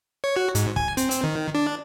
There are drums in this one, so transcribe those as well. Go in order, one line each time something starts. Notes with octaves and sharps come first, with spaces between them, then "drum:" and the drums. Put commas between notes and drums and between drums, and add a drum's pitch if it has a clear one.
C#5
F#4
G#2, drum: hi-hat
G#5, drum: kick
C4, drum: hi-hat
drum: hi-hat
D#3
D4